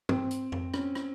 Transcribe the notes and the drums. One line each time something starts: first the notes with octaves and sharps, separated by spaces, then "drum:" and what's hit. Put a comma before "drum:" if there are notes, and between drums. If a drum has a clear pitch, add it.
C4, drum: tom
drum: hi-hat
drum: tom F2
C#4, drum: rim click
drum: rim click